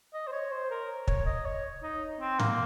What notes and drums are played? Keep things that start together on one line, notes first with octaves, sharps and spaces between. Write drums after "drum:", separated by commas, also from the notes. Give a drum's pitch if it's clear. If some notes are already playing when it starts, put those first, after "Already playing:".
D#5
C5
C#5
C5
A#4
C#5, drum: kick
D#5
C#5
D#4
C4
A#3, drum: tom G#2